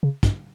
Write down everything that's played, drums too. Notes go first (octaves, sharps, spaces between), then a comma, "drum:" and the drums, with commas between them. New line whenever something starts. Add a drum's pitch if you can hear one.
C#3
G2, drum: kick, hi-hat